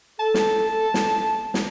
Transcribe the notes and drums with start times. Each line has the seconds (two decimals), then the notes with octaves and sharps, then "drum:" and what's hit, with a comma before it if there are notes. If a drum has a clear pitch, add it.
0.19 A4 A5
0.34 drum: snare
0.94 drum: snare
1.54 drum: snare